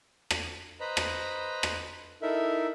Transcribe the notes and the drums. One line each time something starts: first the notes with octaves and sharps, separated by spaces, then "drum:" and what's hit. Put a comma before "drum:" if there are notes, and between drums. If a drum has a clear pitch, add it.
drum: rim click
B4 C5 D#5 A#5 B5
drum: rim click
drum: rim click
D#4 E4 A4 A#4 E5